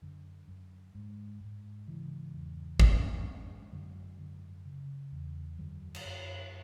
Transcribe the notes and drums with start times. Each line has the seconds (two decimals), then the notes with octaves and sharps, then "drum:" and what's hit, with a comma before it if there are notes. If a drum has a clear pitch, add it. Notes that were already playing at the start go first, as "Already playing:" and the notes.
0.02 F#2 D3
0.48 F#2
0.95 G#2
1.41 G#2
1.88 C#3 E3
2.33 E2
2.80 G#2, drum: kick G#1
3.27 G#2
3.72 F#2 D3 F#3
4.19 D3
4.65 C#3
5.12 E2
5.59 F#2 D3 F#3
5.95 drum: cymbal
6.05 F#2